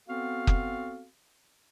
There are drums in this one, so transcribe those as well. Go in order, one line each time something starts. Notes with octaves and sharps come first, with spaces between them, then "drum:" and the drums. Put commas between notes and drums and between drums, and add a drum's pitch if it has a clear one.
B3 C4 F#4 A4 F5
drum: kick